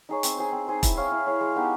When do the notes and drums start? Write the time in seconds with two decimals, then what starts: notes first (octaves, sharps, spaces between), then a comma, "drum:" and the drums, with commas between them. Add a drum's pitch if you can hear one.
0.09 D#4 G#4 C#5
0.23 C4, drum: hi-hat
0.38 D#4 G#4 C5
0.52 C4
0.68 D#4 G#4 C5
0.83 E4, drum: kick E1, hi-hat
0.97 G#4 C#5 F5
1.12 E4
1.26 G#4 C#5 F5
1.41 G#3
1.56 B3 D#4 G4